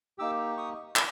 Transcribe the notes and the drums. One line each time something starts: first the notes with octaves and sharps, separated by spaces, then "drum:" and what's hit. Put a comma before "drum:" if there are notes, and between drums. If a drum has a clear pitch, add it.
A#3 D#4 G4 D6 E6
C#6 D#6
D6 E6, drum: clap